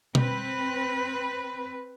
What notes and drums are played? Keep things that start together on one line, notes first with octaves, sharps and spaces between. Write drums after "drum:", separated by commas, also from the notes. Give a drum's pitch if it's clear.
C4 B4, drum: tom B2